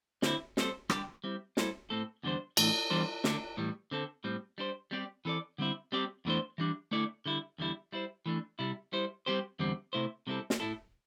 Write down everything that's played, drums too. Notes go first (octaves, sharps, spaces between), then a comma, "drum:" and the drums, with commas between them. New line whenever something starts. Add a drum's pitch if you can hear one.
D3 C4 E4, drum: snare
G3 C4 A4 C5, drum: snare
G3 D4 G4, drum: rim click
G3 C4 E4
G3 E4 A4 C5, drum: snare
A2 A3 C4 A4
E2 D3 G3 D4 C5
A2 E3 A3 D4, drum: cymbal
E2 E3 G3 D4 C5
D3 A3 D4, drum: snare
A2 E3 G3
D3 C4 A4
A2 G3 C4
G3 D4 A4 C5
G3 C4 E4 G4 D5
E3 C4 A4 D5
D3 G3 C4 E4
G3 C4 G4 D5
E2 E3 A3 D4 C5
E3 G3 D4
D3 A3 E4 A4 D5
D3 G3 E4
E2 D3 G3 E4
G3 E4 C5
E3 A3 D4
C3 G3 E4
G3 E4 C5
G3 C4 G4 C5
E2 D3 G3 C4
C3 A3 E4 C5
C3 G3 C4 E4 A4
drum: snare
A2 A3 E4 A4